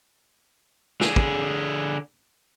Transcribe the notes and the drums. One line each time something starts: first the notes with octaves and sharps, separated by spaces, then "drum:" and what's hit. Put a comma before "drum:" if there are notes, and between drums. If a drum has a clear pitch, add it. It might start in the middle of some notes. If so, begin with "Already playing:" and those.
D3 G#4, drum: snare
drum: kick